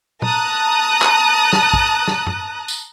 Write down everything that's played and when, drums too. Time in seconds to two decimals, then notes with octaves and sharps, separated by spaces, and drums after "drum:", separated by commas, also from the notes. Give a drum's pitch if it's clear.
0.22 A5 A#5 D#6 F#6, drum: tom
1.02 drum: clap
1.53 drum: snare
1.74 drum: kick
2.08 drum: snare
2.26 drum: tom F#2
2.68 drum: tambourine